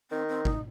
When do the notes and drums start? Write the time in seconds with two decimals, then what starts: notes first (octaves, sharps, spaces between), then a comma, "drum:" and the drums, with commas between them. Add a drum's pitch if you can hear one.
0.10 D#3 C4
0.28 C4
0.45 D#4, drum: kick G1